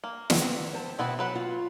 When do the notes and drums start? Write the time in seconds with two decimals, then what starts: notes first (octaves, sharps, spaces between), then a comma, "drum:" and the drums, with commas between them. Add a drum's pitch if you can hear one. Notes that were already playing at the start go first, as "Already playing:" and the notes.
0.04 A#3
0.30 B3 C4 E4, drum: snare
0.73 C5 A5
0.99 B2 B3 C4 E4
1.19 F#3 B4 F#5
1.35 F4